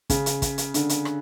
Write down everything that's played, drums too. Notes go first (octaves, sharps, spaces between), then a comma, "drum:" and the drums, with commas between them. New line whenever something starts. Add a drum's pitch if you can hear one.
C#3, drum: kick, hi-hat
drum: hi-hat
drum: kick, hi-hat
drum: hi-hat
D3, drum: hi-hat
drum: hi-hat
drum: rim click